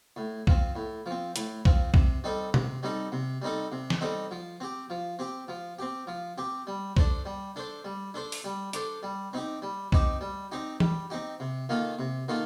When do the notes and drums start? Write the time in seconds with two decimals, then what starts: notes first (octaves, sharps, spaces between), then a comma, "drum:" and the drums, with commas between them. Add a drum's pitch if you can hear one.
0.16 A2
0.47 F3 C4, drum: kick B1
0.76 A2
1.06 F3 C4
1.36 A2, drum: hi-hat
1.65 F3 C4, drum: kick B1
1.94 C3, drum: kick B1
2.24 G3 C4 D#4 A4
2.54 C3, drum: tom B2
2.83 G3 C4 D#4 A4
3.12 C3
3.42 G3 C4 D#4 A4
3.72 C3
3.90 drum: snare
4.01 G3 C4 D#4 A4
4.31 F3
4.60 C4 G4
4.90 F3
5.19 C4 G4
5.48 F3
5.79 C4 G4
6.07 F3
6.38 C4 G4
6.67 G3
6.97 D4 A4 C5, drum: kick B1
7.26 G3
7.56 D4 A4 C5
7.85 G3
8.14 D4 A4 C5
8.32 drum: open hi-hat
8.44 G3
8.73 D4 A4 C5, drum: hi-hat
9.03 G3
9.33 C4 D#4 G4
9.62 G3
9.92 C4 D#4 G4, drum: kick B1
10.21 G3
10.52 C4 D#4 G4
10.80 G3, drum: tom E3
11.10 C4 D#4 G4
11.40 C3
11.69 D#3 A#3 F4 A4
11.99 C3
12.28 D#3 A#3 F4 A4